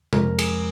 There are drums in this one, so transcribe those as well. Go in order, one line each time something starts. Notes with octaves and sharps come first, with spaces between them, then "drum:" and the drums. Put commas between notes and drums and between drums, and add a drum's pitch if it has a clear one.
F2 F3 G#3 A#4, drum: tom C3
G#4, drum: cymbal